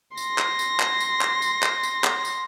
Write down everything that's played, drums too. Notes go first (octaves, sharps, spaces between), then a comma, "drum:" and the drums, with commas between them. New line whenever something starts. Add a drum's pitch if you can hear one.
C6 A#6, drum: tambourine
drum: clap
drum: tambourine
drum: clap
drum: tambourine
drum: clap
drum: tambourine
drum: clap
drum: tambourine
drum: clap
drum: tambourine